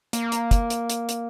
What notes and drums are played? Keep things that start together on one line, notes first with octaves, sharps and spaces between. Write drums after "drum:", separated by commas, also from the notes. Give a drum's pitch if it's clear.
A#3, drum: hi-hat
drum: hi-hat
drum: kick, hi-hat
drum: hi-hat
drum: hi-hat
drum: hi-hat